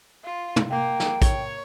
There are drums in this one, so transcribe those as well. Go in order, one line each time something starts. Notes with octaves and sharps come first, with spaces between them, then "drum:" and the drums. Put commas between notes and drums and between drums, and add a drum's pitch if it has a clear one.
F4
drum: tom
A#3 G5
drum: snare
C#5, drum: kick, hi-hat